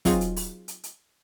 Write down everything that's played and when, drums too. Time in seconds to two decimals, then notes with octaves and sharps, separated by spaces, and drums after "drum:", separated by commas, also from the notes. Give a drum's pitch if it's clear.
0.05 F#3 C4 D#4 F4 F#4 G#4, drum: kick, open hi-hat
0.21 drum: hi-hat
0.36 drum: open hi-hat
0.68 drum: hi-hat
0.84 drum: hi-hat